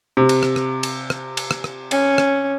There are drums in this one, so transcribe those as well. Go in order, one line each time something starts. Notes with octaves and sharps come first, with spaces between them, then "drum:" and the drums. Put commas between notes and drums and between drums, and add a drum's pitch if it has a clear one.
C3
drum: cymbal
drum: rim click
drum: rim click
drum: cymbal
drum: rim click
drum: cymbal
drum: rim click
drum: rim click
C#4, drum: cymbal
drum: rim click